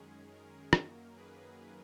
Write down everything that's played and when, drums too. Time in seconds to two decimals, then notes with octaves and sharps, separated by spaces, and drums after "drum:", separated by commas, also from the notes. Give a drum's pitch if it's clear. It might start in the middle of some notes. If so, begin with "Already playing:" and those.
Already playing: F#2 D#3 G#3 C#4 G#4
0.30 A#4
0.73 F#2 D#3 F#3 A#3, drum: rim click
1.15 G#4 B4